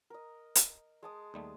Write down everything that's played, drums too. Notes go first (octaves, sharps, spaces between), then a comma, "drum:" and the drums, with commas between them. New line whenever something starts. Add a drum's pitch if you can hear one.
A#4 D#5
drum: hi-hat
G#3 A5 D#6
D#2 G3 A3